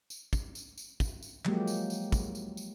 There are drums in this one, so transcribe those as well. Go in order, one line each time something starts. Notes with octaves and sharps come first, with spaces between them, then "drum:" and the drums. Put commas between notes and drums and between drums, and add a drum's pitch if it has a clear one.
drum: tambourine
drum: kick, tambourine
drum: tambourine
drum: tambourine
drum: kick, tambourine
drum: tambourine
F3 F#3 G#3 A#3 G4, drum: clap
drum: tambourine
drum: tambourine
drum: kick, tambourine
drum: tambourine
drum: tambourine